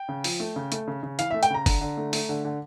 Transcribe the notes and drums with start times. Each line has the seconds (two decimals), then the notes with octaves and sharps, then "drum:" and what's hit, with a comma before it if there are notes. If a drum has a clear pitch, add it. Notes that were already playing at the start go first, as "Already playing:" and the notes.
Already playing: G5
0.09 C#3
0.24 F3, drum: open hi-hat
0.40 A3
0.56 C#3
0.72 A3, drum: hi-hat
0.87 C#3
1.03 C#3
1.19 E3 F5, drum: hi-hat
1.31 E5
1.34 A3
1.43 G5, drum: hi-hat
1.50 C#3 A#5
1.66 D3, drum: kick, open hi-hat
1.81 D3
1.97 A3
2.13 A3, drum: open hi-hat
2.29 D3
2.45 D3